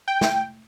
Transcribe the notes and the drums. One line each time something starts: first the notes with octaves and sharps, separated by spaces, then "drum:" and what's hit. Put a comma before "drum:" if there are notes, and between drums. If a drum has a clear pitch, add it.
G5
drum: snare